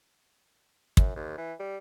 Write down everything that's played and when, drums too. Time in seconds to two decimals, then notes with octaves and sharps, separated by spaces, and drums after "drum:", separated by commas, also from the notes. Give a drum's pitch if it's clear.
0.97 F#2, drum: kick
1.16 D#2
1.38 E3
1.59 G3